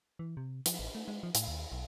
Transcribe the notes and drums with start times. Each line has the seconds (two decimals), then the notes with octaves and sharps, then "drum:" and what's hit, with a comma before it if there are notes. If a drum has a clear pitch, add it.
0.19 E3
0.37 C3
0.66 F3, drum: hi-hat
0.79 A1
0.95 A3
1.08 G#3
1.23 F3
1.35 A2, drum: hi-hat
1.48 D#2
1.72 B1